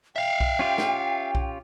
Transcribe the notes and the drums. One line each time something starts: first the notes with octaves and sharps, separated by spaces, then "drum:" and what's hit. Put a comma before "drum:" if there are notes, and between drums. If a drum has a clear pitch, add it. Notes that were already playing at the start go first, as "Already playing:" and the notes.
E5 F5 G5
drum: kick B1
C#4 F4 G4
drum: snare
drum: kick B1